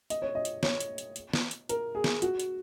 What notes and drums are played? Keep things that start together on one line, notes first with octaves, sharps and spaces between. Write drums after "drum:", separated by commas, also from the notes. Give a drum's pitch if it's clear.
D#5, drum: hi-hat
C#5
D#5
drum: hi-hat
C#5, drum: snare
drum: hi-hat
drum: hi-hat
drum: hi-hat
drum: snare
drum: hi-hat
A#4, drum: hi-hat
G#4
drum: snare
F#4, drum: hi-hat
drum: hi-hat